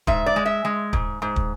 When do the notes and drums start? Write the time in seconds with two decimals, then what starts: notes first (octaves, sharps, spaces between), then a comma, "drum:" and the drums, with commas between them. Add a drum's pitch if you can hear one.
0.07 G#2 E5, drum: kick
0.26 D5
0.36 G#3
0.46 E5
0.65 G#3
0.93 G#2, drum: kick
1.22 G#2
1.36 drum: kick